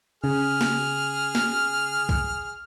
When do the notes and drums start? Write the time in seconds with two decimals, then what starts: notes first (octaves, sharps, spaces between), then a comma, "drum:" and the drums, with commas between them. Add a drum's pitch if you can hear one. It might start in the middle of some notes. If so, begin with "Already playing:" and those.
0.24 C#3 G#4 F6
0.61 drum: snare
1.35 drum: snare
2.09 drum: kick